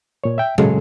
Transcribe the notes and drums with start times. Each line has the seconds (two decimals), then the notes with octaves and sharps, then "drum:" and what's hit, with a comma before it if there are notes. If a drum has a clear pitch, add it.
0.24 A#2 C#5
0.38 E5 G5
0.58 C#3 F#3 G#3 G#4 A4, drum: tom